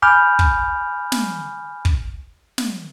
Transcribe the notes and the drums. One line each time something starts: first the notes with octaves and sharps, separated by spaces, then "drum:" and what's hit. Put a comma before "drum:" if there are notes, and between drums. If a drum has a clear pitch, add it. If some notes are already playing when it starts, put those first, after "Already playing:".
G#5 B5 D6 F6 G6
drum: kick
drum: snare
drum: kick
drum: snare